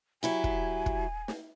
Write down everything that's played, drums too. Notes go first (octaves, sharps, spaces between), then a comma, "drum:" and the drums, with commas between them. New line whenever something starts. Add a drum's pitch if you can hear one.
F#3 E4 G4 G#5
drum: kick
drum: kick
drum: snare